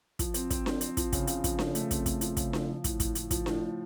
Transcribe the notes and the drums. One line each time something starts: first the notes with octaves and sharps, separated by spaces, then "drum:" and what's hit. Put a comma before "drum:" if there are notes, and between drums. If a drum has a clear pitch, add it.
F3, drum: kick, hi-hat
C4, drum: hi-hat
C4, drum: kick, hi-hat
C4, drum: snare D4
C4, drum: hi-hat
F3, drum: kick, hi-hat
C#3, drum: kick, hi-hat
C#3, drum: hi-hat
F3, drum: kick, hi-hat
C#3, drum: snare D4
A3, drum: hi-hat
C4, drum: kick, hi-hat
A3, drum: kick, hi-hat
F3, drum: hi-hat
C#3, drum: kick, hi-hat
F3, drum: snare D4
F3
A2, drum: kick, hi-hat
A2, drum: kick, hi-hat
A2, drum: hi-hat
F3, drum: kick, hi-hat
A2, drum: snare D4
A2